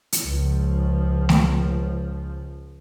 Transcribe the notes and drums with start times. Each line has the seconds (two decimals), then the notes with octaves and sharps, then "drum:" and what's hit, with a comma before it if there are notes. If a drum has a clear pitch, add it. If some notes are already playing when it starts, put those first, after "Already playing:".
0.12 drum: hi-hat
0.24 C#2 F3
1.29 drum: snare A3